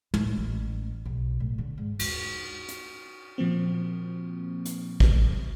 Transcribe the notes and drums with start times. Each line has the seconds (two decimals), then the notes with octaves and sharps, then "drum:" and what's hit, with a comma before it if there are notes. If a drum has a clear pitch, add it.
0.14 A2, drum: tom
0.37 A1
1.06 B1
1.40 A2
1.58 D3
1.78 G#2
1.99 D#2, drum: cymbal
2.69 drum: hi-hat
3.38 A#2 F3 A#3 C4
4.65 drum: hi-hat
5.00 drum: kick